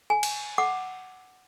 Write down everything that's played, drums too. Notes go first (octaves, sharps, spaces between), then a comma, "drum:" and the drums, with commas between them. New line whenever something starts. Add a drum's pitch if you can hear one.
G#5
drum: cymbal
F#5 D6